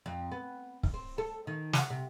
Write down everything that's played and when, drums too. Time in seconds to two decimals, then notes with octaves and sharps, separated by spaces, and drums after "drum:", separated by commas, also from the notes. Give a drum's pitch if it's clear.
0.06 F2
0.32 B3
0.83 drum: kick
0.94 C4
1.18 A4
1.47 D#3
1.73 F#4, drum: snare
1.90 C3